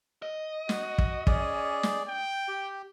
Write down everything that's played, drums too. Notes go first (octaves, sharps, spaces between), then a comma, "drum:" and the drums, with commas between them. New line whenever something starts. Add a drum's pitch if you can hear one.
D#5
F#4, drum: snare
drum: kick
C#4 G#4 D5, drum: kick
drum: snare
G5
G4